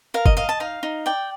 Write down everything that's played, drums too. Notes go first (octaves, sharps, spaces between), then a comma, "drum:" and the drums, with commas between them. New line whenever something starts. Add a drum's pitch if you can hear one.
A#4 F5
D#5, drum: kick G1
D#5 F5
A5
D#4 F5
D#4
D5 G5